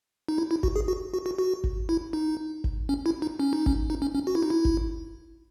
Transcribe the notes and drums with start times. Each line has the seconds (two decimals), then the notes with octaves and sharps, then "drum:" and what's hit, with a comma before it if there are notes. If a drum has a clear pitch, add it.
0.29 D#4
0.38 E4
0.51 E4
0.63 F#4, drum: kick G#1
0.76 G#4
0.88 F#4
1.14 F#4
1.26 F#4
1.38 F#4
1.64 drum: kick G#1
1.89 E4
2.13 D#4
2.64 drum: kick G#1
2.89 C#4
3.06 E4
3.22 D#4
3.40 C#4
3.53 D#4
3.66 C#4, drum: kick G#1
3.90 D#4
4.02 C#4
4.15 C#4
4.27 F#4
4.35 E4
4.43 D#4
4.50 E4
4.65 drum: kick G#1